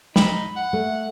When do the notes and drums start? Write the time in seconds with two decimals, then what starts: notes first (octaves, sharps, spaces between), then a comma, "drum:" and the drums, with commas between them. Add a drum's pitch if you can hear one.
0.16 D#4 B5, drum: snare
0.56 F#5
0.73 A3